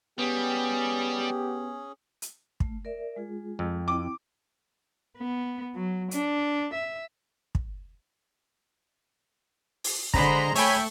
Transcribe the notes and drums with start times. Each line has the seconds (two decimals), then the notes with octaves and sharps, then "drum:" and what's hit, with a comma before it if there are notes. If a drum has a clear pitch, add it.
0.18 G3 B3 C#4 G4 G#4
2.22 drum: hi-hat
2.60 A3, drum: kick
2.85 A#4 D5 E5
3.16 G#3 F4 G#4
3.59 F2
3.88 C4 E4 G5 D6
5.18 B3
5.75 F#3
6.11 D4, drum: hi-hat
6.74 E5
7.55 drum: kick
9.84 drum: open hi-hat
10.14 D3 G#3 D4 C5 A#5 B5, drum: kick
10.56 A3 A4 C#5 E5 G5 G#5 B5 C#6, drum: open hi-hat